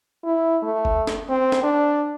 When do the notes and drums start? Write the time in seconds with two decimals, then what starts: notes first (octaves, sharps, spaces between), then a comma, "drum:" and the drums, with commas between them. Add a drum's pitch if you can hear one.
0.24 E4
0.63 A3
0.85 drum: kick F#1
1.07 drum: snare
1.29 C4
1.52 drum: snare
1.63 D4